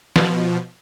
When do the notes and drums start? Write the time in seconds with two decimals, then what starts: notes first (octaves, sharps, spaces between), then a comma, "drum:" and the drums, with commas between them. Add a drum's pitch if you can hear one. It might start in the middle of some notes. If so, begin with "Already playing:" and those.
0.16 B2 F3, drum: snare